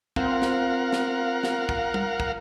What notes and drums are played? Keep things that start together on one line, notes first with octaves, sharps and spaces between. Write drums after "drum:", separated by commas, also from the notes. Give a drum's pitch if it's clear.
C4 F4 A#4 F5 F#5, drum: kick
drum: snare
drum: snare
drum: snare
drum: kick
drum: tom
drum: kick